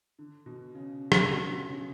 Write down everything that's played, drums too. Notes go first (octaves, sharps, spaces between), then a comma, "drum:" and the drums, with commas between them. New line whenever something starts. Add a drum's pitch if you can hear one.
D3
B2
C#3
drum: rim click
B2
D3
C#3
C#3